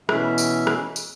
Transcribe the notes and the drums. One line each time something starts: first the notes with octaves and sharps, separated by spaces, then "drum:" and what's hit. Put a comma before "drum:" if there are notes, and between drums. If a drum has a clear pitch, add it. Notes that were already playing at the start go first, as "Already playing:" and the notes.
B2 E3 C#4 E5, drum: rim click
drum: tambourine
drum: rim click
drum: tambourine